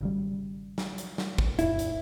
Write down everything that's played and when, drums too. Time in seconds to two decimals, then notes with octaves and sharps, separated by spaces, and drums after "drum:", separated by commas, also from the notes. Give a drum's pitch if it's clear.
0.01 G#1 C#3 G3
0.78 drum: snare
0.98 drum: hi-hat
1.18 drum: snare
1.38 drum: kick
1.59 D#1 F2 A2 E4, drum: hi-hat
1.79 drum: hi-hat